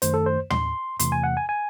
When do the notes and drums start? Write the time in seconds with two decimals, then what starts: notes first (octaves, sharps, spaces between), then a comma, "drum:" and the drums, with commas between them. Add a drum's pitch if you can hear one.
0.02 F#2 D#3 A3 C5, drum: hi-hat
0.14 A4
0.26 C5
0.50 C6, drum: tom
1.00 E2 C3 E3 A3 C6, drum: hi-hat
1.12 G#5
1.24 F#5
1.37 G#5
1.49 G#5